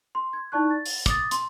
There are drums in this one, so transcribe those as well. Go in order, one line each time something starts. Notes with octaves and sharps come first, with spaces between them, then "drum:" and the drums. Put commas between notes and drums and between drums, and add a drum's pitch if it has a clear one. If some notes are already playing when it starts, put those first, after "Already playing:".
C6
G#6
D#4 E4 D5 A5 C#6 F#6
A6
drum: open hi-hat
D6 D#6 A6, drum: kick, hi-hat
C6, drum: hi-hat